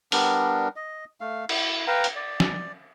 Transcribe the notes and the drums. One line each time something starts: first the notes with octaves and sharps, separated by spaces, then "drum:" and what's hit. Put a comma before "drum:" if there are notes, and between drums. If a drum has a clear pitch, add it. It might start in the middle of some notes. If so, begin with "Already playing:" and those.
G3 B3 D4 A#4, drum: open hi-hat
D#5
A3 F5
E4, drum: cymbal
B4 F5 G5 A#5
drum: hi-hat
D5
drum: snare